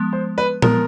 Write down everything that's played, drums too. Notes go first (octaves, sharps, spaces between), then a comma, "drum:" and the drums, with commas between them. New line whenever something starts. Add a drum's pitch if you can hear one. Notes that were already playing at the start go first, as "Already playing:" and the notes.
Already playing: F3 G#3 B3
C5
B4
F3 G#3 B3 A#4, drum: tom A#2